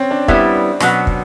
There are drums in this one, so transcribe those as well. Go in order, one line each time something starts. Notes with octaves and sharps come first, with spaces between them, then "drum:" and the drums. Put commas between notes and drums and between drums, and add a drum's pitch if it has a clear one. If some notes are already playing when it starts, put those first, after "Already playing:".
Already playing: C4 C#4
D4
G3 B3 E4, drum: kick
B2 F#3 B3, drum: rim click
drum: kick